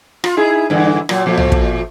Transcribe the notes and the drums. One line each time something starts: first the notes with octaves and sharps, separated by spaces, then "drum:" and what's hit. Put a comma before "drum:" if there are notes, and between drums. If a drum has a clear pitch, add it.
F4, drum: rim click
D#4 E4 G#4
G2 D3 E3
A#2 F#3, drum: rim click
A#2 F3 A3
drum: tom C2
drum: kick